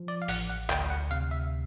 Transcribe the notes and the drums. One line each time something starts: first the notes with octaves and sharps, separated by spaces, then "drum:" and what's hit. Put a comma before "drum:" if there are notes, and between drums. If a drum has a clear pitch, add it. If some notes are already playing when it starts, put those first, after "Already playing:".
Already playing: F3
D5
F5
A1 F#5, drum: open hi-hat
F#5
D2 G5, drum: clap
F#5
C3 F5
E5